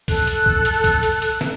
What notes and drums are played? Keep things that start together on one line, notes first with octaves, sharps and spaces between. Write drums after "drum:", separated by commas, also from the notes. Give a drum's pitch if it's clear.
A4 F#6, drum: kick, open hi-hat
drum: hi-hat
drum: kick
drum: hi-hat
drum: kick, hi-hat
drum: hi-hat
drum: hi-hat
drum: snare